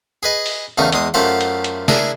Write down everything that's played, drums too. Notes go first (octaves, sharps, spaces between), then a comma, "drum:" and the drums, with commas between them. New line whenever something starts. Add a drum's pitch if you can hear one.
G#4 B4 D#5
drum: open hi-hat
E2 C#3 A3 D#4 A#4
E2 G#3 D#6, drum: hi-hat
F#2 A3 F4 G4 C5 F#5
drum: hi-hat
drum: hi-hat
D4 E4 G#4 A#4 E5 A#5, drum: snare